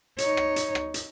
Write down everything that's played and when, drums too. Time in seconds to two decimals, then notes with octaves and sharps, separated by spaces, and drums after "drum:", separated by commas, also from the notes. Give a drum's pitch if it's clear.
0.18 D#4 C#5, drum: hi-hat
0.37 drum: rim click
0.56 drum: hi-hat
0.75 drum: rim click
0.94 drum: hi-hat